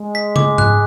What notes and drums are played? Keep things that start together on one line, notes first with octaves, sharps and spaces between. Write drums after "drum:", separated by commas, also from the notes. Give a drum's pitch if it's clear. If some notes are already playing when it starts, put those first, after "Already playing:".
Already playing: G#3
B6
D6, drum: tom
F#6, drum: tom G#2